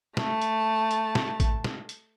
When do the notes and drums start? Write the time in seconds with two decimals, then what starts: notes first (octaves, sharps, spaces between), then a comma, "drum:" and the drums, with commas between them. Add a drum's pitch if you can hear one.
0.17 A3 A5, drum: snare
0.42 drum: hi-hat
0.91 drum: hi-hat
1.15 drum: snare
1.40 drum: kick A1, hi-hat
1.64 drum: snare
1.89 drum: hi-hat